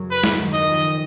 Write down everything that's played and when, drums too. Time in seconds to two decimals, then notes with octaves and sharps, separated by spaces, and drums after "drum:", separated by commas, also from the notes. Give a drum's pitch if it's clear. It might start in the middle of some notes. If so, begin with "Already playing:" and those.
Already playing: F#2 C#3 F#3
0.11 B4
0.23 drum: snare G#3
0.39 D#2 D#3
0.53 D#5
0.68 F2 F3